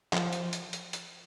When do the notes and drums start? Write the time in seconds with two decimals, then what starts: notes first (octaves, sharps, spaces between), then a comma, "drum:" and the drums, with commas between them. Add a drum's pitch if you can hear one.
0.13 F3, drum: clap
0.33 drum: hi-hat
0.53 drum: hi-hat
0.73 drum: hi-hat
0.93 drum: hi-hat